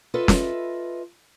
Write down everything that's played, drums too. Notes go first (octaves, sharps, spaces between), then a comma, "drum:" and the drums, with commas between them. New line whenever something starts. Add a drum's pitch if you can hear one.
F4 A4 B4 D#5 E5
drum: snare